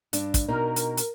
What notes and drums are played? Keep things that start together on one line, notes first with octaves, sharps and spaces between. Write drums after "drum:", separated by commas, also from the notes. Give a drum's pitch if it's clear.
G2 D4, drum: hi-hat
drum: kick, hi-hat
B2 D#4 A#4
drum: hi-hat
drum: hi-hat